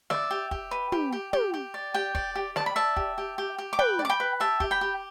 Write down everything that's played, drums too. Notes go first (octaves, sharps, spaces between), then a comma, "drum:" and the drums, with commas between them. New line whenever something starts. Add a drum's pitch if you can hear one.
D5 E5, drum: snare
G4
G4, drum: kick
B4
G4, drum: tom
G4
G4, drum: tom
G4
D5
G4 G5
D5, drum: kick
G4
D5 A5, drum: snare
B5
D5 E5 A5
G4, drum: kick
G4
G4
G4
D6
B4 G5 B5, drum: tom
D5
D6
G5 B5
B4
G4 E5 A5
G4, drum: kick
G5 B5
G4